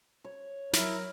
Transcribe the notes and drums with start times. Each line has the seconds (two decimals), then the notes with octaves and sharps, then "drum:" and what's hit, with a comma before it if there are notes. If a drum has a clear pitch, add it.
0.24 C#5
0.73 F#3 E4 A#4, drum: snare